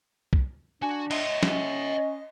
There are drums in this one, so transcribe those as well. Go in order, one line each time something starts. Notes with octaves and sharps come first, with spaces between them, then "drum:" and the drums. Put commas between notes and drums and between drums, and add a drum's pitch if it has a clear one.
drum: kick C2
D4 F#4 G#5
C#5 D#5 E5, drum: cymbal
C#4, drum: snare